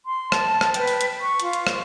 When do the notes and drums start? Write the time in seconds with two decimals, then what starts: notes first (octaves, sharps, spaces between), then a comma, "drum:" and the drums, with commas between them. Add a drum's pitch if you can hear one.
0.05 C6
0.32 A5, drum: rim click
0.61 drum: rim click
0.74 B4 G5, drum: hi-hat
0.87 drum: open hi-hat
1.01 drum: hi-hat
1.20 C#6
1.40 F4, drum: hi-hat
1.53 drum: hi-hat
1.67 drum: rim click